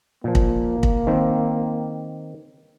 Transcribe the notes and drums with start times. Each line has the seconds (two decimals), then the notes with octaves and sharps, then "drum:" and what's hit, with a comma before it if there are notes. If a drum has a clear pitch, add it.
0.24 A#2 F3 A#3
0.35 drum: kick
0.83 drum: kick
1.07 D#3 C4